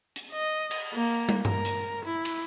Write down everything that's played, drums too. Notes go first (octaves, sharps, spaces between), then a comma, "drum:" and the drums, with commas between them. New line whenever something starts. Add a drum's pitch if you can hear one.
drum: hi-hat
D#5
drum: cymbal
A#3
drum: tom
A#4, drum: tom G2
drum: hi-hat
E4
drum: cymbal